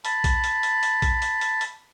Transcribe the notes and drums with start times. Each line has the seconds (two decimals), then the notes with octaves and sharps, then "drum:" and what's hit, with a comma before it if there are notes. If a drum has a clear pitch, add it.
0.05 A5 B5, drum: hi-hat
0.24 drum: kick A#1, hi-hat
0.44 drum: hi-hat
0.63 drum: hi-hat
0.83 drum: hi-hat
1.02 drum: kick A#1, hi-hat
1.22 drum: hi-hat
1.41 drum: hi-hat
1.61 drum: hi-hat